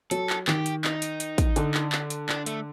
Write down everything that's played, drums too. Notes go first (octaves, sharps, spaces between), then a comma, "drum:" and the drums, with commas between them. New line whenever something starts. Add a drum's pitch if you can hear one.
F#3 A4, drum: hi-hat
drum: clap
D#3 G4, drum: clap
drum: hi-hat
D#4, drum: clap
drum: hi-hat
drum: hi-hat
drum: kick, hi-hat
D3, drum: hi-hat
drum: clap
drum: clap
drum: hi-hat
D4, drum: clap
A3, drum: hi-hat